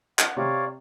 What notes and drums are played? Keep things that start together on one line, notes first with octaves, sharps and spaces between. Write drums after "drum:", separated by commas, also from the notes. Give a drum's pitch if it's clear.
F#5, drum: clap
C3 C#5 D5 F5